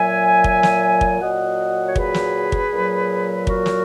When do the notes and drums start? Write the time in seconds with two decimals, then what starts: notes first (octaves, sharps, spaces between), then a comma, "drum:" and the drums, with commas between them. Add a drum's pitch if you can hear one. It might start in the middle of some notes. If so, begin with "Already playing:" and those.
Already playing: A#2 F#3 E5 G#5
0.44 drum: kick
0.63 drum: snare
1.01 drum: kick
1.20 A#2 F#3 D#5 F#5
1.86 C#5
1.96 G#4 B4, drum: kick
2.14 drum: snare
2.52 drum: kick
2.72 A#2 F#3
3.47 F#4 A#4, drum: kick
3.66 drum: snare